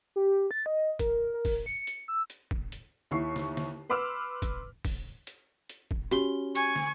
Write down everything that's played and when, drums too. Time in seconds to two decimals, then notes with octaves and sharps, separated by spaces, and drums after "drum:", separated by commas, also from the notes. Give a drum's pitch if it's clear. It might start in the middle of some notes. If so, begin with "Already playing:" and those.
0.16 G4
0.51 A6
0.66 D#5
0.99 A#4, drum: kick, hi-hat
1.34 A#4
1.45 drum: kick, open hi-hat
1.66 C#7
1.87 drum: hi-hat
2.08 E6
2.30 drum: hi-hat
2.51 drum: kick
2.72 drum: hi-hat
3.11 D#2 E4 C#6 C7
3.36 drum: snare
3.57 drum: snare
3.89 B4 B5 C6 D6 E6 F6
4.42 drum: kick, hi-hat
4.85 drum: kick, open hi-hat
5.27 drum: hi-hat
5.70 drum: hi-hat
5.91 drum: kick
6.11 C#4 F#4 G4 G7, drum: hi-hat
6.55 G#5 C#6, drum: hi-hat
6.76 drum: snare